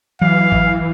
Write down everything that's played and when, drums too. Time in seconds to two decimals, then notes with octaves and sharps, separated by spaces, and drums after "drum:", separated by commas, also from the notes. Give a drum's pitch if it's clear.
0.21 E3 F#3 F5
0.52 drum: kick